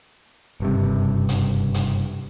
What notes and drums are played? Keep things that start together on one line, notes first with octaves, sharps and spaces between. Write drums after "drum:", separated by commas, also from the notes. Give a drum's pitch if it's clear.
F#1 G2 C3
drum: hi-hat
drum: hi-hat